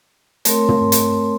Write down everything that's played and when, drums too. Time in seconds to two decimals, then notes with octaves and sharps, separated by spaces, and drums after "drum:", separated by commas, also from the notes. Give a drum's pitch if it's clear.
0.45 A3 C4 A#4 C#5 C6, drum: hi-hat
0.69 drum: tom
0.92 drum: hi-hat